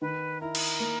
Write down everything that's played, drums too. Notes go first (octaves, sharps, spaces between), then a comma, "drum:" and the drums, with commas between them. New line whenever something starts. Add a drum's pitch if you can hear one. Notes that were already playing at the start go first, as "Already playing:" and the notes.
D#3 B4
E4 A#4
drum: cymbal
A#3